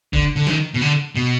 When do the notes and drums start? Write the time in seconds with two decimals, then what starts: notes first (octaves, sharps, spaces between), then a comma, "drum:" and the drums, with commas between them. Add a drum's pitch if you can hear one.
0.13 D3, drum: kick F#1
0.36 D3
0.47 D#3, drum: snare
0.74 B2
0.81 D3
1.15 B2